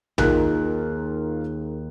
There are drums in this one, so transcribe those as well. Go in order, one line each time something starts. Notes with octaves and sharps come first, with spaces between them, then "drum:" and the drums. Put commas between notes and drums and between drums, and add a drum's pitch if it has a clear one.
D#2 D#3 D#4 F4 G#4 A#4 F#6, drum: tom A#1